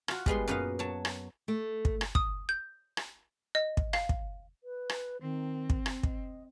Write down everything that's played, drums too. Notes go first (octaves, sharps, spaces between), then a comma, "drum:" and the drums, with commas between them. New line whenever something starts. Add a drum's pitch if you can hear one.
F4 F#4, drum: rim click
G3 G#3 B3 C6, drum: kick
F#2 A#2 B3 B4 D#5 F5
F#3 C#5 A5
drum: rim click
A3
drum: kick
drum: rim click
D#6, drum: kick
G6
drum: rim click
D#5
drum: kick
F5, drum: rim click
drum: kick
B4
drum: rim click
D#3 C4
drum: kick
drum: rim click
D#5, drum: kick